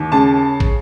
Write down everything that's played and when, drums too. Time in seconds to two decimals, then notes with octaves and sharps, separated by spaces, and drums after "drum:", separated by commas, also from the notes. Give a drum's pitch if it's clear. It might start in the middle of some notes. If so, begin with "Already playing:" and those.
Already playing: D#2
0.12 C#3 A5
0.60 drum: kick